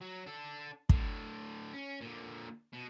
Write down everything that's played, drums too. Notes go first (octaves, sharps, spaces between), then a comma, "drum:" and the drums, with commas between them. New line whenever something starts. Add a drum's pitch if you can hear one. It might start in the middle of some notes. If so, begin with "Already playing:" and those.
F#3
D4 A4
A2 D3, drum: kick
C#4
A#2 D3
B2